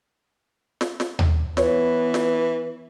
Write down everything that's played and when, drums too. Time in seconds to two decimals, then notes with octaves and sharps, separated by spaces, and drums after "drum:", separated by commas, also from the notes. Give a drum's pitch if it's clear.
0.81 drum: snare
1.00 drum: snare
1.19 drum: tom D#2
1.57 E3 B3 B4 C#5, drum: snare
2.14 drum: snare